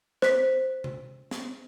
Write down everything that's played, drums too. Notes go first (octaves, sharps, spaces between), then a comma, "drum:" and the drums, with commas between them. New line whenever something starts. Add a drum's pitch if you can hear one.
C5 B6, drum: snare
drum: tom C3
drum: snare